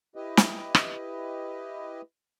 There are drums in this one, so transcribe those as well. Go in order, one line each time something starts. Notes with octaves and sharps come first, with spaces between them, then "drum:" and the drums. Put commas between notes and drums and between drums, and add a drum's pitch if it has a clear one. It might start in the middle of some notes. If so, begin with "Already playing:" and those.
E4 G4 B4 D#5
drum: snare
drum: rim click